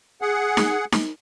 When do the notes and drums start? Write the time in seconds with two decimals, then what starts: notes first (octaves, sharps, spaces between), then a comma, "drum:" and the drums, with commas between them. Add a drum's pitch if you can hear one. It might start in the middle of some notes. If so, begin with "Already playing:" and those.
0.22 G#4 F#5
0.57 drum: snare D#4
0.92 drum: snare D#4